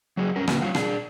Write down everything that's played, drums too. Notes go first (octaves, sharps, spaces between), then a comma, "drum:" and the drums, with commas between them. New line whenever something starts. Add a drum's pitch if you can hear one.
F#3 F#4 G#4
G3 C#4 A#4
C#3 A#3 B3 C#4 F#4, drum: rim click
F#3 G3 F4 F#4
D4 G#4, drum: rim click